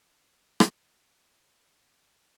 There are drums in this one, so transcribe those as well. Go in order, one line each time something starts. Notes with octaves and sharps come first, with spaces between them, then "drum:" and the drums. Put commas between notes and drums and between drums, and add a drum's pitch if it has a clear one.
D#4 C5 D5 F5 G5 A#5 D6 C7
drum: rim click